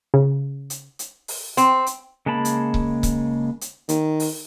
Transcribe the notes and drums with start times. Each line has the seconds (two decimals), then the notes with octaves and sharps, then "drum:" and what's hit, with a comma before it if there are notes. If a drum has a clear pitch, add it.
0.14 C#3
0.70 drum: hi-hat
0.99 drum: hi-hat
1.28 drum: open hi-hat
1.57 C4, drum: hi-hat
1.86 drum: hi-hat
2.26 C#3 G#3 A#3 A5 B5
2.45 drum: hi-hat
2.74 drum: kick C#1
3.03 drum: kick C#1, hi-hat
3.61 drum: hi-hat
3.89 D#3, drum: hi-hat
4.20 drum: open hi-hat